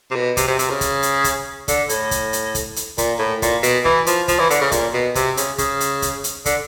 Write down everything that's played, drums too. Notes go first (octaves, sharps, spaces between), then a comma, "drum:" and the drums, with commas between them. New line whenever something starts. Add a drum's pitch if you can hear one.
C3
B2
C3, drum: kick, hi-hat
C3
C3, drum: hi-hat
C#3
drum: kick, hi-hat
drum: hi-hat
drum: kick, hi-hat
D3, drum: kick, hi-hat
A2, drum: hi-hat
drum: kick, hi-hat
drum: hi-hat
drum: kick, hi-hat
drum: hi-hat
A#2, drum: kick, hi-hat
A2
A#2, drum: kick, hi-hat
B2, drum: hi-hat
E3, drum: kick
F3, drum: hi-hat
F3, drum: kick, hi-hat
E3
D3, drum: hi-hat
C#3
A#2, drum: kick, hi-hat
B2
C3, drum: kick, hi-hat
C#3, drum: hi-hat
C#3, drum: kick, hi-hat
drum: hi-hat
drum: kick, hi-hat
drum: hi-hat
D3, drum: kick, hi-hat